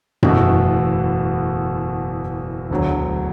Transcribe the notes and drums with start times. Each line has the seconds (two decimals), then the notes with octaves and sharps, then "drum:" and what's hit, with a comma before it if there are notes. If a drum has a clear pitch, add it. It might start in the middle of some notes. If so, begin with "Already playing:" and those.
0.23 F#1 E2 B2 A3 F#4, drum: tom F#2
2.70 E1 D2 D3 F#3